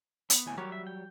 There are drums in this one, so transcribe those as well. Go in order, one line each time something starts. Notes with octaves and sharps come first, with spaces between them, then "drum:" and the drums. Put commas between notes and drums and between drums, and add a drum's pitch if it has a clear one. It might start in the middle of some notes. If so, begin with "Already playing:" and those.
B3, drum: hi-hat
D2 A2 G#5
F#3 G3 F#4 G4 A#4 C#5
E5
G5